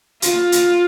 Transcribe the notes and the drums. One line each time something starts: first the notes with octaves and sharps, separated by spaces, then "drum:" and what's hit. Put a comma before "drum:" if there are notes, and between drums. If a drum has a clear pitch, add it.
F4, drum: hi-hat
drum: hi-hat